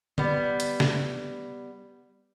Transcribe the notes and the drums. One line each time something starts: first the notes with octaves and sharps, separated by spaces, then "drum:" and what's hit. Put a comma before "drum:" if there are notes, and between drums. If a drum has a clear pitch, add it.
G3 B3, drum: tom D3
drum: hi-hat
drum: snare